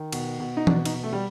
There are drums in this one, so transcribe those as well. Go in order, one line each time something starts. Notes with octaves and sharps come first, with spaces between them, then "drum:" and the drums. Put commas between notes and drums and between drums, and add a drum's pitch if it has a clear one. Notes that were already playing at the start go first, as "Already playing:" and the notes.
Already playing: D#3
B2, drum: cymbal
B2
D#4
B2 D4, drum: tom E3
D#4, drum: cymbal
B2
A3
G3